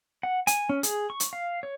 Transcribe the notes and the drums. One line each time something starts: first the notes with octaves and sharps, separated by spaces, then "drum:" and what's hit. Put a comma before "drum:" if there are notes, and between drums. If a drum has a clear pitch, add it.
F#5
G#5, drum: hi-hat
C#4
G#4, drum: hi-hat
C#6
drum: hi-hat
F5
C#5